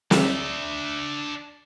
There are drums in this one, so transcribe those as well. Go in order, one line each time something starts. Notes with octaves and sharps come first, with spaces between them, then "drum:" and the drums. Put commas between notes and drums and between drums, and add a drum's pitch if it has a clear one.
D4 E5, drum: snare